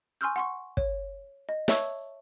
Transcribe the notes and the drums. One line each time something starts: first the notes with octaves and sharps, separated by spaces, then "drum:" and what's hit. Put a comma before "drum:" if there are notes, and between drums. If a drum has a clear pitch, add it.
G#5 C6 C#6 E6 F6 G6
F#5 C6 C#6
C#5, drum: kick
D#5
C#5 E5 A5 C#6 E6 G#6, drum: snare